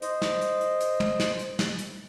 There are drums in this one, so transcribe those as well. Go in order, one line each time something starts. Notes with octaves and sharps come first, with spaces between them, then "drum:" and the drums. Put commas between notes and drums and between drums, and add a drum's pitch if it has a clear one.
C5 D#5, drum: hi-hat
drum: snare
drum: hi-hat
drum: hi-hat
drum: hi-hat
drum: tom
drum: snare
drum: hi-hat
drum: snare
drum: hi-hat